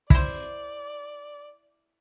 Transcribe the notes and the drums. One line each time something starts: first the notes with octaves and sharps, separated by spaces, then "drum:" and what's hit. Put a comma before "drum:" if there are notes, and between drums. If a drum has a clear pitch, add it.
E4 C5 D5, drum: kick